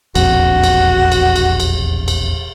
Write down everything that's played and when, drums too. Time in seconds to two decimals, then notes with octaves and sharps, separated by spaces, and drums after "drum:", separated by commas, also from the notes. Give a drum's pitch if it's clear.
0.15 E1 A#1 F2 F#4, drum: cymbal
0.64 drum: cymbal
1.12 drum: cymbal
1.36 drum: cymbal
1.60 drum: cymbal
2.08 drum: cymbal